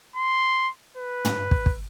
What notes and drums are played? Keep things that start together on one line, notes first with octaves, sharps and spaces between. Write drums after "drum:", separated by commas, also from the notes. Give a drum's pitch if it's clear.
C6
B4
drum: tom
drum: kick
drum: kick